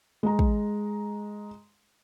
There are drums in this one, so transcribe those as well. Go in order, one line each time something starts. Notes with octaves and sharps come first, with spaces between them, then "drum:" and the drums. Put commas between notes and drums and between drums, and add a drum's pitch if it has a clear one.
G#3 A#5
drum: kick